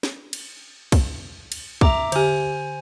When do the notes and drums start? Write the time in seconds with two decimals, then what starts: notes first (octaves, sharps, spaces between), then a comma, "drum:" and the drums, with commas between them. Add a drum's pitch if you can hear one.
0.03 drum: snare
0.33 drum: cymbal
0.92 drum: kick, cymbal
1.52 drum: cymbal
1.81 E5 A#5 D6, drum: kick
2.12 D3 G4 C5 G#5, drum: cymbal